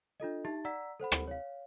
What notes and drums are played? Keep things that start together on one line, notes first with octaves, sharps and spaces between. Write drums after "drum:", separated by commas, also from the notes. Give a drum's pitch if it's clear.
D4 F4 A4 D#5
D#4 G4 E5 A5 A6
D5 F#5 A#5 E6 B6
A4 C5 F#5 B5
drum: rim click
C#5 F5